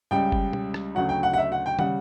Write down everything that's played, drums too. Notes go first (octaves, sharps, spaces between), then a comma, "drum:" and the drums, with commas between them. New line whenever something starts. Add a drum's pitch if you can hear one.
C#2 C#3 G3 G5
drum: kick F#1
drum: tom B2
drum: rim click
D2 C#3 F#3 F#5
G5
F#5
F#5
E5
F#5
G5
C#3 G3 F#5, drum: tom